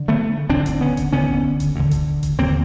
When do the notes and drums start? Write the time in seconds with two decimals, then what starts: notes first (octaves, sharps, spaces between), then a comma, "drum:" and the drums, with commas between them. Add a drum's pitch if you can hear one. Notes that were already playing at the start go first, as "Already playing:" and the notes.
Already playing: D3
0.08 A3 B3
0.49 D2 D3 C4 D4
0.66 drum: kick E1, hi-hat
0.81 B3 C#4
0.97 drum: kick E1, hi-hat
1.13 D2 D3 B3 C#4
1.29 drum: kick E1
1.60 drum: kick E1, hi-hat
1.76 D2 D3
1.91 drum: kick E1, hi-hat
2.23 drum: kick E1, hi-hat
2.38 D#2 D3 A#3 C4